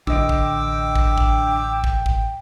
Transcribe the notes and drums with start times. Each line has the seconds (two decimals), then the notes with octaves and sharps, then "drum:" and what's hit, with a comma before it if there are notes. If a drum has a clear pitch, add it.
0.07 A1 D3 D#5 G5 D6 E6 D7, drum: kick
0.29 drum: kick
0.96 drum: kick
1.18 drum: kick
1.84 drum: kick
2.06 drum: kick